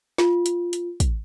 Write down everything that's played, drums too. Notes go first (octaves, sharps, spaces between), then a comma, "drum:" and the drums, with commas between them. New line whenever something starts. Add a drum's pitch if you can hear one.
F4, drum: snare
drum: hi-hat
drum: hi-hat
drum: kick, hi-hat